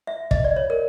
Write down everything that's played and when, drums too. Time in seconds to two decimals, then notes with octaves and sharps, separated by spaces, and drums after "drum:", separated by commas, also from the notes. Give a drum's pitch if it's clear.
0.07 E5
0.31 D#5, drum: kick
0.44 D5
0.56 C#5
0.70 A#4